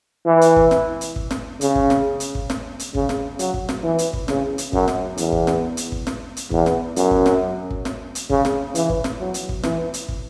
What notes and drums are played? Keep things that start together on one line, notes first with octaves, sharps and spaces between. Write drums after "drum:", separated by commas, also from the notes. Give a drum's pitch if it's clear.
E3
drum: hi-hat
drum: kick
drum: snare
drum: hi-hat
drum: kick
drum: snare
C#3, drum: hi-hat
drum: kick
drum: snare
drum: hi-hat
drum: kick
drum: snare
drum: hi-hat
C#3, drum: kick
drum: snare
F#3, drum: hi-hat
drum: kick
drum: snare
E3
drum: hi-hat
drum: kick
C#3, drum: snare
drum: hi-hat
F#2, drum: kick
drum: snare
E2, drum: hi-hat
drum: kick
drum: snare
drum: hi-hat
drum: kick
drum: snare
drum: hi-hat
E2, drum: kick
drum: snare
F#2, drum: hi-hat
drum: kick
drum: snare
drum: kick
drum: snare
drum: hi-hat
C#3, drum: kick
drum: snare
E3, drum: hi-hat
drum: kick
drum: snare
F#3
drum: hi-hat
drum: kick
E3, drum: snare
drum: hi-hat
drum: kick